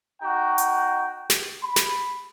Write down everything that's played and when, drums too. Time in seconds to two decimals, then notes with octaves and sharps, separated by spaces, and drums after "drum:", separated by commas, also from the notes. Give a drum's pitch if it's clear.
0.22 D#4 F#4 G5
0.58 drum: hi-hat
1.30 drum: snare
1.62 B5
1.76 drum: snare